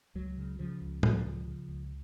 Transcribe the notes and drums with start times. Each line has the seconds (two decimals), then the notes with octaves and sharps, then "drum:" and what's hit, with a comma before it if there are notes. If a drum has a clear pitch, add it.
0.15 C#2 F#3
0.38 C#3
0.59 C#3 F3
0.81 C#2
1.03 C#2 F3, drum: tom A2
1.25 C#3
1.47 C#3
1.68 C#2